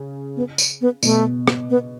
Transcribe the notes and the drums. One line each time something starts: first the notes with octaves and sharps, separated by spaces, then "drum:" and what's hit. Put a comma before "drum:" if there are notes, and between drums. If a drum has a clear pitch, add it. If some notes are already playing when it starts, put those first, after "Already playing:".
Already playing: C#3
B3
drum: tambourine
B3
B2 A3, drum: tambourine
drum: rim click
B3